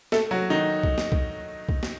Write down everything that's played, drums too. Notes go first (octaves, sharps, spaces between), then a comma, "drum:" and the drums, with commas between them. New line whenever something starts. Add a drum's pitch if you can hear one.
A3 A4, drum: snare
F#3 F#4
D#3 D#4
drum: kick B1
drum: snare
drum: kick B1
drum: kick B1
drum: snare